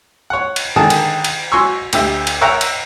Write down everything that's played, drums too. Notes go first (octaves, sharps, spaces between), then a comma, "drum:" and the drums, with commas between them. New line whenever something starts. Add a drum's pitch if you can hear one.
C#5 F#5
drum: cymbal
D3 D#3 G#4 A5 D#6
drum: cymbal
drum: cymbal
F#4 G#5 C6 C#6 E6
D2 G4 E5, drum: cymbal
drum: cymbal
A#4 C#5 E5 F#5 G5 A#5
drum: cymbal